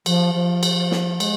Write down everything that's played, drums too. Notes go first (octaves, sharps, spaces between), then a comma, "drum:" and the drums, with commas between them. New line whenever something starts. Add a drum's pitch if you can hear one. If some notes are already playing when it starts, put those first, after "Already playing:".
F3, drum: cymbal
F3
drum: cymbal
drum: snare
G#3, drum: cymbal